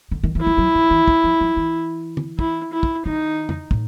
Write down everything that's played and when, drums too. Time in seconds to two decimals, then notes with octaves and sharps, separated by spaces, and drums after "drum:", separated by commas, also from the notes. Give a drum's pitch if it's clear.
0.11 D3
0.23 D#3
0.35 E3
0.41 E4
0.46 F3
0.57 F#3
0.75 F3
0.90 E3
1.08 E3, drum: kick
1.24 F3
1.41 F3
1.57 E3
2.17 drum: tom
2.39 E4, drum: kick
2.73 E4
2.83 drum: kick
3.05 D#3 D#4
3.49 drum: tom
3.71 A2, drum: kick